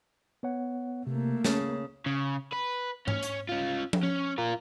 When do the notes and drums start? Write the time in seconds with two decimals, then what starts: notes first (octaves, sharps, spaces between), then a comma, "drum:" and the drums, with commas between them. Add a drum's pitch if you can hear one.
0.43 B3 C#5 F#5
1.07 C3 A3 A#3
1.45 C#3 C#4 A5, drum: snare
2.06 C#3
2.53 B4
3.08 C#4, drum: tom G#2
3.23 drum: hi-hat
3.49 C#4 F4
3.93 drum: tom F3
4.03 C#4
4.38 F4 A#4